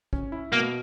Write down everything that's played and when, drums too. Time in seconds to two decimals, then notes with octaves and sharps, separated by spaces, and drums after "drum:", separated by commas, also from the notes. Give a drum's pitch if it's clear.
0.13 C#4, drum: kick
0.32 E4
0.52 B2 A#3